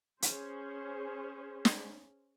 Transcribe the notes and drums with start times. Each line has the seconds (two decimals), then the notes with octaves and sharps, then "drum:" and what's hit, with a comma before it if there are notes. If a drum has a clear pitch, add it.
0.22 C#4 G#4 C5, drum: hi-hat
1.65 drum: snare